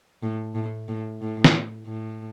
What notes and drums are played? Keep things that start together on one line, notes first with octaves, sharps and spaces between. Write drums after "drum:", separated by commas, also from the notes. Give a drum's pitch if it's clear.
A2
A2
A2
A2
drum: snare
A2